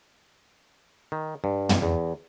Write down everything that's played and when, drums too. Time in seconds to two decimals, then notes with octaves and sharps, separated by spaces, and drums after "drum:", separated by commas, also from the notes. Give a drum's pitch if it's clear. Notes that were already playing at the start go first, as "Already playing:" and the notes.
1.12 D#3
1.44 G2
1.69 drum: tom
1.82 E2